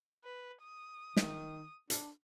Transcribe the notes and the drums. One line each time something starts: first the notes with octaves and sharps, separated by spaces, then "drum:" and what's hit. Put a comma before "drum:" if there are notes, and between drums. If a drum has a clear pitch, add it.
B4
D#6
D#3, drum: snare
D4, drum: hi-hat